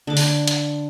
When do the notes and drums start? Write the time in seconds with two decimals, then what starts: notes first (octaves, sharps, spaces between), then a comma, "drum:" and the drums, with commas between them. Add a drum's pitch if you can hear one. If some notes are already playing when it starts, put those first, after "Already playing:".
0.07 D3 D6
0.17 drum: open hi-hat
0.48 drum: hi-hat